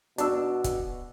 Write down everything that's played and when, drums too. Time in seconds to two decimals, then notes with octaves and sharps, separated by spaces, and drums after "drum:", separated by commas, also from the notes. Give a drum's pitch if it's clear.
0.18 B2 D4 F#4 D5 E6, drum: hi-hat
0.64 drum: kick, hi-hat